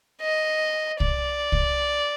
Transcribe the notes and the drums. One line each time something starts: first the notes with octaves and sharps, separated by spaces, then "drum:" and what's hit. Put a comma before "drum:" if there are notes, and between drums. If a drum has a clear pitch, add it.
D#5
D5, drum: kick C2
drum: kick C2